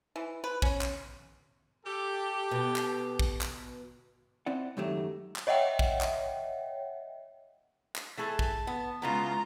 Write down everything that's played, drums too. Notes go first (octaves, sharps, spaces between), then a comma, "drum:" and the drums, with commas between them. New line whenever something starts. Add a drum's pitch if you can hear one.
E3
B4
C#4, drum: kick
drum: clap
G4 A4
B2
drum: clap
drum: kick
drum: clap
C4 E4 D5 F#5
C#2 F#2 D#3 F#3 A3 G4
drum: clap
C#5 D#5 E5 F#5 G5
drum: kick
drum: clap
drum: clap
E3 A3 G#4 A5
drum: kick
B3
C#3 E3 G#3 B3 F4 A#5